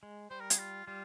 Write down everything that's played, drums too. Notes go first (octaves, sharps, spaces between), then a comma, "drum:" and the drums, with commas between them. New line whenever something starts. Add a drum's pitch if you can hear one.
G#3
G3 C5
A#4
G#4, drum: hi-hat
F4
G3 F4